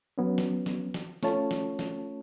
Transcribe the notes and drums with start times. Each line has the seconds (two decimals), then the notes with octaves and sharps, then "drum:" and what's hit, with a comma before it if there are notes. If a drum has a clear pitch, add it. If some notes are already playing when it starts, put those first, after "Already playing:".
0.18 F#3 B3 C#4
0.38 drum: snare
0.66 drum: snare
0.94 drum: snare
1.23 A3 C#4 F4 C#5 A5, drum: snare
1.51 drum: snare
1.79 drum: snare